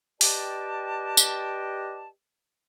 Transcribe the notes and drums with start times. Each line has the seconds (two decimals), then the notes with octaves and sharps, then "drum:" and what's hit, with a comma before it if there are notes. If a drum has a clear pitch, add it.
0.21 G4 B4 D5 D#5 G5 A5, drum: open hi-hat
1.17 drum: tambourine